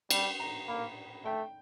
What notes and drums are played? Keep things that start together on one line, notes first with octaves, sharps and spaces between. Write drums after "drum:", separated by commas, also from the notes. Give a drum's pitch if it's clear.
G3 G5, drum: cymbal
A#5
A#3 B5
A3 G5